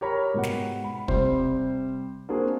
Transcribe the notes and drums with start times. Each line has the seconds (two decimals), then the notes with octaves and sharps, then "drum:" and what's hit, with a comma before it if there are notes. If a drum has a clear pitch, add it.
0.01 G4 A#4 C#5 A#5 B5
0.34 G#2 B2 F#5
0.43 drum: snare
0.84 B5
1.08 C3 G3 C5 C6, drum: kick
2.29 A#3 C4 D4 F#4 G#4